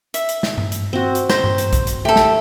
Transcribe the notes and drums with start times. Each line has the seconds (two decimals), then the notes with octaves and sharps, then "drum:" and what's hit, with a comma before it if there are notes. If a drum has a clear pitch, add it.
0.14 E5, drum: hi-hat
0.29 drum: hi-hat
0.43 drum: snare
0.58 drum: tom G2
0.72 drum: hi-hat
0.93 C4 F#4
1.15 drum: hi-hat
1.29 C5 A#5, drum: snare
1.44 drum: tom G2
1.58 drum: hi-hat
1.73 drum: kick, hi-hat
1.87 drum: hi-hat
2.05 A3 G4 A4
2.16 drum: snare